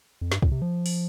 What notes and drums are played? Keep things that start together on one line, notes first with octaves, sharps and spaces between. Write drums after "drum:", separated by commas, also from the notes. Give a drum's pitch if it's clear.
F2
G2, drum: snare
A#2, drum: kick
C3
F3
drum: open hi-hat